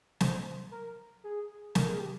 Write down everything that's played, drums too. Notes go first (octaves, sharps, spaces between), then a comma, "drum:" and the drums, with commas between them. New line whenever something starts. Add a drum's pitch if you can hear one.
C5, drum: snare
A#4
G#4
A#4, drum: snare
G#4
G4